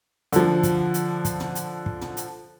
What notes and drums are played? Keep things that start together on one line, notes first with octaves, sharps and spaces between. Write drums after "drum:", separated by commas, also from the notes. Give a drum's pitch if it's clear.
D3 F3, drum: hi-hat
drum: kick, hi-hat
drum: hi-hat
drum: kick, hi-hat
drum: tom
drum: hi-hat
drum: kick
drum: tom
drum: hi-hat